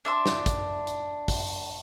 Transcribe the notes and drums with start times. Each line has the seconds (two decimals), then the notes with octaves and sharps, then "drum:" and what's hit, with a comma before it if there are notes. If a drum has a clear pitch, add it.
0.05 D4 E5 C6
0.26 drum: snare
0.46 drum: kick, hi-hat
0.87 drum: hi-hat
1.28 drum: kick, open hi-hat